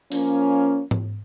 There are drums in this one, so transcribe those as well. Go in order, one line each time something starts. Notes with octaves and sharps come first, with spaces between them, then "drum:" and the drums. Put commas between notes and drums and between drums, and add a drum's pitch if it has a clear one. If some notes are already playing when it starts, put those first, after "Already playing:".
F3 A#3 C#4, drum: open hi-hat
drum: tom G#2